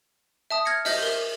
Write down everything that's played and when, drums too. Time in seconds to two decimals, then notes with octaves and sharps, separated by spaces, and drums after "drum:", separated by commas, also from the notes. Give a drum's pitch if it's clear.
0.50 E5 A5 D#6
0.65 F6 G#6 A#6 C#7
0.85 D#5 E5 G6, drum: open hi-hat
1.03 A#4 E5